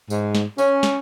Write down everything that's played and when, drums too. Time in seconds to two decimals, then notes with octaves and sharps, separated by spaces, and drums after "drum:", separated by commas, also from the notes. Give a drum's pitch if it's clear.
0.10 G#2, drum: tambourine
0.35 drum: snare
0.58 C#4, drum: tambourine
0.83 drum: snare